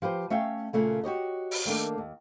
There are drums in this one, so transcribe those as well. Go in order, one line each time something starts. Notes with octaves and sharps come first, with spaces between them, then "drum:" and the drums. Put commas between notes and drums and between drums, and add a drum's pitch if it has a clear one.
F3 G4 B4 C5
A3 C#4 E5 F5 G5
A#2 C#3 A3 A#3
F#4 G4 C#5 D#5
drum: open hi-hat
D#3 A3 A#3 D4
D#2